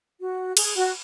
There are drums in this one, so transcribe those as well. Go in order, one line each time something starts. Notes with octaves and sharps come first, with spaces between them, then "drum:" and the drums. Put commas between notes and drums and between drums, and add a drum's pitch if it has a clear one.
F#4
G#4, drum: cymbal
F#4